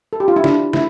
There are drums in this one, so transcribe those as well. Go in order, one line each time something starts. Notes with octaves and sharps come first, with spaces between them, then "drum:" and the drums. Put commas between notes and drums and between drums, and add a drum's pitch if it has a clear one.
A4
G4
F4
E4
D4, drum: snare
E4, drum: snare